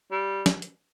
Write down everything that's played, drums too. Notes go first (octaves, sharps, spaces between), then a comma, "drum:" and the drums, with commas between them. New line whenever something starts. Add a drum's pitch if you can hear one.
G3
drum: snare
drum: hi-hat